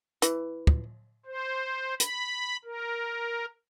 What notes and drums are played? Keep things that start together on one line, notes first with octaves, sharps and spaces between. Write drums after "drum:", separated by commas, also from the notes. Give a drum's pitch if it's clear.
E3, drum: hi-hat
drum: kick
C5
B5, drum: hi-hat
A#4